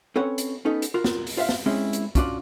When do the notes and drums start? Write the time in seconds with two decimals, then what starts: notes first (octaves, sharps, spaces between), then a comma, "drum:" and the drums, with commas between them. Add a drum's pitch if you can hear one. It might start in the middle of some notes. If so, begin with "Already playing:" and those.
0.16 C4 C#4 A4 B4 C#5 F#5
0.38 drum: hi-hat
0.65 B3 C#4 D#4 A4
0.82 drum: hi-hat
0.94 F4 F#4 A#4
1.04 drum: snare
1.27 drum: open hi-hat
1.37 F4 C5 E5 F5
1.49 drum: snare
1.66 G#3 C4 C#4 E4 G#4
1.93 drum: hi-hat
2.15 C#4 D4 F4 F#4 D5, drum: kick, hi-hat